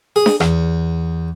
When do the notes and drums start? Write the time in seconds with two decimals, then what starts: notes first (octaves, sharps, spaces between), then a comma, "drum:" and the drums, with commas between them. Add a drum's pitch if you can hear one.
0.16 G#4
0.26 drum: snare
0.40 E2, drum: rim click